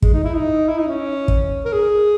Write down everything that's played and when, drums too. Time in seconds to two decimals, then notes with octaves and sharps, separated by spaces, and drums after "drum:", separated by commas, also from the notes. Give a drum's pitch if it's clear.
0.02 G#3, drum: kick
0.13 D#4
0.24 E4
0.35 D#4
0.68 E4
0.79 D#4
0.88 C#4
1.28 drum: kick
1.65 A#4
1.73 G#4